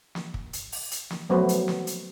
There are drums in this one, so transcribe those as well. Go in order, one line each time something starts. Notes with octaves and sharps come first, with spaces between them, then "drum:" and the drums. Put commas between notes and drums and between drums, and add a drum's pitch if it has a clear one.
drum: snare
drum: kick
drum: hi-hat
drum: open hi-hat
drum: hi-hat
drum: snare
F3 F#3 A3 B3 B4 C5
drum: hi-hat
drum: snare
drum: hi-hat